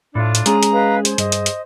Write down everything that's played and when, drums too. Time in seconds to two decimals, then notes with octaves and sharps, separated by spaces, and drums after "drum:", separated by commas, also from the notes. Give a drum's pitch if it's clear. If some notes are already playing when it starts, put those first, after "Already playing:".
0.15 A2 D4 F4
0.35 drum: hi-hat
0.46 G#3 C#4 G#4 A#5, drum: hi-hat
0.63 drum: hi-hat
0.72 B4 D#5 F5
1.05 C5, drum: hi-hat
1.18 G2 D#5, drum: hi-hat
1.32 drum: hi-hat
1.46 drum: hi-hat